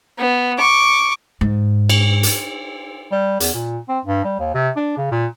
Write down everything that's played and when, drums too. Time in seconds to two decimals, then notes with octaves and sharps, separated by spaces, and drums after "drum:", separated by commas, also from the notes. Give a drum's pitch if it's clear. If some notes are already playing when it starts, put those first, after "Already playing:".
0.18 B3
0.58 C#6 D6
1.41 G#2
1.89 drum: cymbal
2.23 drum: hi-hat
3.12 G3
3.40 E2, drum: hi-hat
3.54 A#2
3.89 C4
4.05 G2
4.24 G3
4.39 D#2
4.54 C3
4.76 D4
4.97 C#3
5.11 A#2